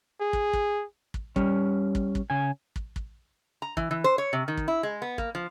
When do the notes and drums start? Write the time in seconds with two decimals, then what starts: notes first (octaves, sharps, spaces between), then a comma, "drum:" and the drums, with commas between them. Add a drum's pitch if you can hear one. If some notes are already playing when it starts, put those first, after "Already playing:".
0.21 G#4
0.33 drum: kick
0.53 drum: kick
1.14 drum: kick
1.36 G3 C#4, drum: kick
1.95 drum: kick
2.15 drum: kick
2.30 C#3 G#5
2.76 drum: kick
2.96 drum: kick
3.62 A#5
3.77 E3, drum: kick
3.91 E3
4.04 C5
4.18 C#5
4.33 C3
4.48 D#3
4.57 drum: kick
4.68 E4
4.83 G#3
5.02 B3
5.18 A#3, drum: kick
5.35 F3